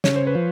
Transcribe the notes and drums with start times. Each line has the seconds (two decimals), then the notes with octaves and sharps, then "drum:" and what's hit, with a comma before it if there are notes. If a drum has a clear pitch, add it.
0.04 C#3 C#5, drum: snare
0.16 C5
0.27 B4
0.35 F3